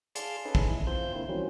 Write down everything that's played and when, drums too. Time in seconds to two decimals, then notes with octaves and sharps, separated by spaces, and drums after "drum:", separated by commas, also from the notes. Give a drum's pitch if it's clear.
0.15 G#4 D5 F5 A5 C6, drum: hi-hat
0.45 C#4 D#4 G#4 A4 B4
0.55 drum: kick
0.68 E4
0.87 C4 F4 C5 G6
1.15 D3 A#3 E4 C5
1.29 D#3 E3 F#3 G3 C4 C#4